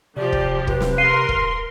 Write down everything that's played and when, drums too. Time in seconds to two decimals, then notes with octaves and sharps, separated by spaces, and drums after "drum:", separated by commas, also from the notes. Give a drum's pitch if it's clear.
0.16 C3 F3 G4 D5
0.32 drum: kick
0.67 B4, drum: kick
0.81 drum: snare
0.98 A#4 F5 C6 C7 D#7
1.29 drum: kick